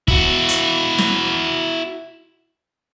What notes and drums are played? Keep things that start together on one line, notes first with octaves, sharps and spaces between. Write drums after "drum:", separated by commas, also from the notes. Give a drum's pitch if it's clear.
E4 F#4, drum: kick
drum: hi-hat
drum: snare